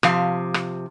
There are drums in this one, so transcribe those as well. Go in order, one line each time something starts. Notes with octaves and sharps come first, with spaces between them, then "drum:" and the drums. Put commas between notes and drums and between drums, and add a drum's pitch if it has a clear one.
C3 F3 F5, drum: rim click
drum: rim click